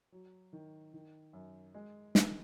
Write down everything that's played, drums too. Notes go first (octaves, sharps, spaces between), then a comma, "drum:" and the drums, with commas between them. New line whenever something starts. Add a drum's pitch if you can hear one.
F#3
D#3
D#3
F#2
G#3
D#3, drum: snare